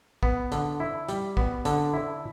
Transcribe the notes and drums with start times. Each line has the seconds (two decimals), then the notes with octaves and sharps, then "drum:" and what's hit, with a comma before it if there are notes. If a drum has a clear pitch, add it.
0.23 B3, drum: kick
0.52 D3, drum: hi-hat
0.80 E4
1.09 G3, drum: hi-hat
1.37 B3, drum: kick
1.65 D3, drum: hi-hat
1.93 E4